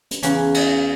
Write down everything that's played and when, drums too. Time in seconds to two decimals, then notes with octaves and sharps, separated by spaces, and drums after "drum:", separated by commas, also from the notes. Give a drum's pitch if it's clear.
0.11 drum: hi-hat
0.23 E2 C#3 C#4 F#5, drum: hi-hat
0.54 drum: cymbal